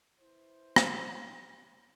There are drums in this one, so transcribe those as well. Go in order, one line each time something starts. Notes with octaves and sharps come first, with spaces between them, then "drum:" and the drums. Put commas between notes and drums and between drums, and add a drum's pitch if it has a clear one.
E4 B4 C5
drum: rim click